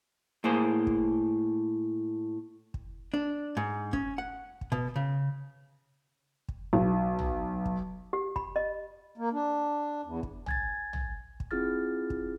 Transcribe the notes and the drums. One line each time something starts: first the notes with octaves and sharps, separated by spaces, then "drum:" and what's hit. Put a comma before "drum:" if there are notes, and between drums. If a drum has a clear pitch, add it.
A2 A#3 G#4 C5
drum: kick
drum: kick
D4
G#2
C#4, drum: kick
F#5
drum: kick
B2
C#3
drum: kick
B1
drum: tom
drum: kick
G4
B5, drum: kick
D#5
A#3
D4
E2
drum: kick
G#5 G#6 A6, drum: tom
drum: tom
drum: kick
C4 E4 F4 G#4 F6 A6
drum: kick